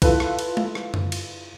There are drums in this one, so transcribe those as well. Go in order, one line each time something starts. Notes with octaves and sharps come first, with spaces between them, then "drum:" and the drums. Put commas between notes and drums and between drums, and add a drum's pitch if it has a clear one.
E4 F4 A4 B4, drum: kick B1, cymbal
drum: rim click
drum: cymbal
drum: tom G#3
drum: rim click
drum: tom F#2
drum: cymbal